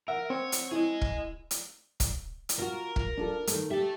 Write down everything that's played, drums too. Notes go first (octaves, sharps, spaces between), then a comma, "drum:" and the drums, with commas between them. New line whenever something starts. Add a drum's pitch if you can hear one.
A#4 E5 F#5
C4 C#5
drum: hi-hat
E4 G#4 D#5
drum: kick
drum: hi-hat
drum: kick, hi-hat
drum: hi-hat
F4 F#4 A#4
F4, drum: kick
D4 F4 A4
D#3 A3, drum: hi-hat
G4 A4 E5